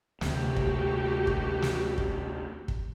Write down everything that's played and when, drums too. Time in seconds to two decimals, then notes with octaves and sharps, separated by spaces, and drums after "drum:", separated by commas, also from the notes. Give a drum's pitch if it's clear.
0.21 D2 C3 F#4 G4, drum: snare
0.56 drum: kick
1.27 drum: kick
1.62 drum: snare
1.98 drum: kick
2.68 drum: kick